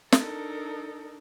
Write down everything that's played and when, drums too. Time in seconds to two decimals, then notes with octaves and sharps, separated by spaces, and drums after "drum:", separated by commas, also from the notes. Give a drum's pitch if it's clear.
0.12 D4 D#4 A4 A#4, drum: snare